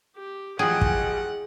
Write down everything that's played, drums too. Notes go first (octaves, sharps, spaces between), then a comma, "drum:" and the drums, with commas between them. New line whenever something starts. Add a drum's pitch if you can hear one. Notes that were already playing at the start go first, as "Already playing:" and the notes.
G4
A1 F3 G#4 F#5 G5
drum: kick